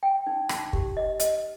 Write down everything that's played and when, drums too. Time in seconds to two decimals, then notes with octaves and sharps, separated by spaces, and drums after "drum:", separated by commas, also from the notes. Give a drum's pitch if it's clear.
0.03 G5
0.27 D#4
0.49 D#4, drum: rim click
0.73 G4, drum: kick
0.97 D#5
1.20 D#5, drum: hi-hat